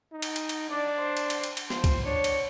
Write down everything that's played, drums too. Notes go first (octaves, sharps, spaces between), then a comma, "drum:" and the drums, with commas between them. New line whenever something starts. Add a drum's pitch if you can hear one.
D#4
drum: cymbal
drum: cymbal
drum: cymbal
D4 D5
C5
drum: cymbal
drum: cymbal
drum: cymbal
drum: cymbal
F3 C5, drum: snare
drum: kick, cymbal
D4 C#5
drum: cymbal